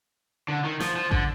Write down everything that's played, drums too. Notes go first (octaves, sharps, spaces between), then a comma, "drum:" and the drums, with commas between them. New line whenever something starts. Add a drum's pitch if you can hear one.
D3
D#3
F3, drum: snare
F3
D3, drum: kick A1